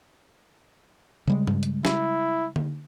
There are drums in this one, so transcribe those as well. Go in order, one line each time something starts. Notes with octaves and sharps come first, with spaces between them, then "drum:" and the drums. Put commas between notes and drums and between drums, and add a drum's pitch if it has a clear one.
C#3 G3 G#3
drum: tom G2
drum: hi-hat
E4, drum: snare
drum: tom D3